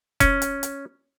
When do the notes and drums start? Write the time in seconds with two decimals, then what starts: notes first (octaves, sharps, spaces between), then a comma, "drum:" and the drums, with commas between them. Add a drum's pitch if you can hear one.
0.20 C#4, drum: kick F1, hi-hat
0.42 drum: hi-hat
0.63 drum: hi-hat